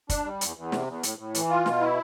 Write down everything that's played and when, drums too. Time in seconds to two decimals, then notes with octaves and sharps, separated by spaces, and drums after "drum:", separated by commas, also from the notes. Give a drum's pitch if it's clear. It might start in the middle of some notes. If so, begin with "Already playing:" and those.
0.10 D4, drum: kick, hi-hat
0.25 G3
0.41 E2, drum: hi-hat
0.56 E2
0.72 C3, drum: snare
0.87 E2
1.03 A2, drum: hi-hat
1.18 A2
1.35 E3, drum: hi-hat
1.50 F4
1.66 B2, drum: snare
1.81 E4